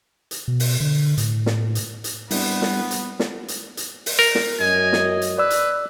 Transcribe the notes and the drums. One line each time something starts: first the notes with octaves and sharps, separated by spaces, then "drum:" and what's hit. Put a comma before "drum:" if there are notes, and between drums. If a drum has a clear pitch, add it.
drum: hi-hat
B2
drum: open hi-hat
D3
A2, drum: hi-hat
drum: snare
drum: hi-hat
drum: hi-hat
G3 B3 C4 D4 E4, drum: open hi-hat
drum: snare
drum: hi-hat
drum: snare
drum: hi-hat
drum: hi-hat
drum: open hi-hat
A#4
drum: snare
F#2 D#5 G#5
drum: snare
drum: hi-hat
B4 D5 E6
drum: hi-hat